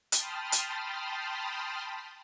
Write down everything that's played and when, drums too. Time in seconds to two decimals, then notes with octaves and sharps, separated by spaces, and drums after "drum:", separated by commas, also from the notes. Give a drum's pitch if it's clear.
0.12 G5 A5 B5 C6 D#6 F6, drum: hi-hat
0.52 drum: hi-hat